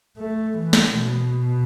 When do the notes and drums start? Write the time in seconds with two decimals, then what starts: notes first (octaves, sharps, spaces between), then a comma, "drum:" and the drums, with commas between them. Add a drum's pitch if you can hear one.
0.18 A3
0.59 E3
0.73 drum: snare
0.99 B2